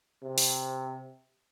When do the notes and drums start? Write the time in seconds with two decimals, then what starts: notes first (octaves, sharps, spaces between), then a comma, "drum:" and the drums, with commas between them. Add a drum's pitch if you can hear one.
0.23 C3
0.38 drum: open hi-hat